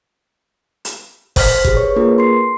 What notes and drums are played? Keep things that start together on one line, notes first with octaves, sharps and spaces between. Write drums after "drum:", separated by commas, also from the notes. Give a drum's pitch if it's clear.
drum: hi-hat
C5 F6 B6, drum: kick F#1, open hi-hat
G4 G#4, drum: kick F#1
B4 C#5 C#6
A#3 D4 F4 G#4 A#4 B4
C6 C7